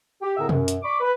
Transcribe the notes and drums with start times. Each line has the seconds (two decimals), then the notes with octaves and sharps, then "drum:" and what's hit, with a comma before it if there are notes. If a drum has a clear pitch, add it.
0.22 G4
0.37 A2 D3 C4 G#4 A#4 E5
0.49 F#2, drum: tom B2
0.68 drum: hi-hat
0.83 D5 B5 C#6 D6
1.00 B4